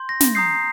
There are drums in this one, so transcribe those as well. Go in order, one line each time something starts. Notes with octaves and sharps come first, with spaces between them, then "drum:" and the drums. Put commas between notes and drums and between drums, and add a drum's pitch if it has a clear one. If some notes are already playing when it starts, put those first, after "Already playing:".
Already playing: C6 G6
A#6
drum: snare
A#5 D#6 G6 C7